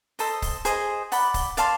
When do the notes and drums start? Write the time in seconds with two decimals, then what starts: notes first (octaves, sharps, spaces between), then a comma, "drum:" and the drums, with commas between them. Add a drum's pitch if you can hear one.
0.19 A4 C5 D#5, drum: open hi-hat
0.42 drum: kick C#1, open hi-hat
0.65 G#4 C5 D#5, drum: hi-hat
1.12 D5 F#5 B5, drum: open hi-hat
1.34 drum: kick C#1, open hi-hat
1.57 D5 F5 A5 C6, drum: hi-hat